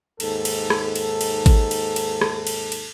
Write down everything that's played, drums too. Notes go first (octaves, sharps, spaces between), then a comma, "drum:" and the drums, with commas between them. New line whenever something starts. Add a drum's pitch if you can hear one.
D#2 G#2 A4, drum: cymbal
drum: cymbal
drum: rim click
drum: cymbal
drum: cymbal
drum: kick G#1, cymbal
drum: cymbal
drum: cymbal
drum: rim click
drum: cymbal
drum: cymbal